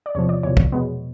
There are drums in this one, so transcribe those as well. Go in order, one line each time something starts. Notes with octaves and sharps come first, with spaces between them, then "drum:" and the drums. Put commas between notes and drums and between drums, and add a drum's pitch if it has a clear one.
D5
E2 C3 F3 C#5
D5
E2 C3 F3 C#5
drum: kick
B2 G#3 B3